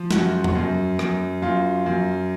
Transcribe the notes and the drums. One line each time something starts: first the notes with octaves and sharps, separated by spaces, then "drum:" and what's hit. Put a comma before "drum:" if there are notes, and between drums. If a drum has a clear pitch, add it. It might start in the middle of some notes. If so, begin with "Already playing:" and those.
Already playing: F3
F#2 F#4, drum: snare
drum: tom E2
F#2
F#2, drum: rim click
F#2 F4
F#2